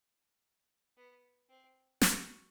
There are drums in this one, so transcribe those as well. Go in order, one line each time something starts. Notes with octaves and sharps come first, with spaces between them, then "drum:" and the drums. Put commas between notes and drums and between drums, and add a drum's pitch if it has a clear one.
B3
C4
F#4, drum: snare